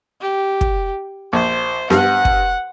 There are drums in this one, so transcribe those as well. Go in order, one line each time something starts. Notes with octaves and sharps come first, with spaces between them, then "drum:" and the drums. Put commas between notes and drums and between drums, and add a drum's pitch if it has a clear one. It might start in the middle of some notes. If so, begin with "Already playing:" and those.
G4
drum: kick
A#1 C5
G2 F#5, drum: snare B3
drum: kick